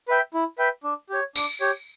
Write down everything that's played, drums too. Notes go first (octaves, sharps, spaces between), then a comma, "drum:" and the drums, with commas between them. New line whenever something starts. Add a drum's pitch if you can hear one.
B4 E5 G5
E4
B4 E5 G5
D4
G4 C#5
D4, drum: tambourine
G4 C#5